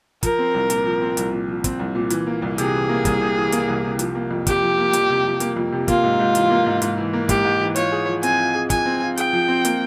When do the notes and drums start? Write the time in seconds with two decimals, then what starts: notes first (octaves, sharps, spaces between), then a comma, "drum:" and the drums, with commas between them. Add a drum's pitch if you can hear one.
0.23 F3 A#4, drum: kick, hi-hat
0.38 C4
0.54 C2
0.70 A#2, drum: hi-hat
0.85 F3
1.01 C4
1.17 C2, drum: hi-hat
1.32 A#2
1.48 F3
1.64 C4, drum: kick, hi-hat
1.80 C2
1.95 A#2
2.10 E3, drum: hi-hat
2.27 A#3
2.42 C2
2.58 C3 G#4, drum: hi-hat
2.74 E3
2.89 A#3
3.05 C2, drum: kick, hi-hat
3.21 C3
3.37 E3
3.52 A#3, drum: hi-hat
3.68 C2
3.84 C3
3.99 F3, drum: hi-hat
4.15 A#3
4.31 F2
4.47 C3 G4, drum: kick, hi-hat
4.62 F3
4.78 A#3
4.93 F2, drum: hi-hat
5.10 C3
5.25 F3
5.40 A#3, drum: hi-hat
5.56 F2
5.72 C3
5.88 A#3 F4, drum: kick, hi-hat
6.03 G#2
6.19 G#2
6.35 E3, drum: hi-hat
6.50 A#3
6.66 G#2
6.82 G#2, drum: hi-hat
6.97 E3
7.13 A#3
7.29 G#2 G4, drum: kick, hi-hat
7.45 G#2
7.61 E3
7.76 F4 C#5, drum: hi-hat
7.92 G#4
8.07 F3
8.23 C4 G#5, drum: hi-hat
8.39 F4
8.55 G#4
8.70 F3 G#5, drum: kick, hi-hat
8.86 C4
9.01 F4
9.17 G#4 G5, drum: hi-hat
9.33 F3
9.48 C4
9.65 A#3, drum: hi-hat